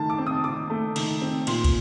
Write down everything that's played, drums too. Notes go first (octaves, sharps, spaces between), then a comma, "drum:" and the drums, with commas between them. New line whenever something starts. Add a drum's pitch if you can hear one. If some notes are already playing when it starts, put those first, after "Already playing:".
Already playing: D#3 A3 A5
D6
C4
D#6
D#3 D6
A3
D#3, drum: cymbal
C4
A#2 C6, drum: cymbal
drum: kick, cymbal